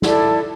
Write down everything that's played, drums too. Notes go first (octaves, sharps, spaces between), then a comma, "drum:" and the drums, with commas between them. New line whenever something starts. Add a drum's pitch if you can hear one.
E4 A4 D5 A5, drum: snare